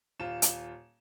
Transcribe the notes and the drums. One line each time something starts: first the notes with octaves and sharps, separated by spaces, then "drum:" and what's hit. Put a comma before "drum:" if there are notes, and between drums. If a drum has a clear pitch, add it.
D#1 F4 E7
drum: hi-hat